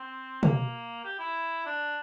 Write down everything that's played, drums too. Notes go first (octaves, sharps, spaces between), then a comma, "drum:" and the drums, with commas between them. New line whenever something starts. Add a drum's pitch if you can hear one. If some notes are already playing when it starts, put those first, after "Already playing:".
Already playing: C4
A#3, drum: tom
G4
E4
D4